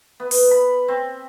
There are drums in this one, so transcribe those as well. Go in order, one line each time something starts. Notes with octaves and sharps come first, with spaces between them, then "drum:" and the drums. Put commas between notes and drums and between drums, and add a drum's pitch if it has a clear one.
B3
drum: open hi-hat
B5
C4